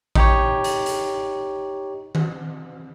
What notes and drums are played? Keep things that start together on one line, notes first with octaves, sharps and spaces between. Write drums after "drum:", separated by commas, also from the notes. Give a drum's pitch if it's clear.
D#4 G4 C#5, drum: kick A1
drum: hi-hat
drum: hi-hat
drum: tom D#3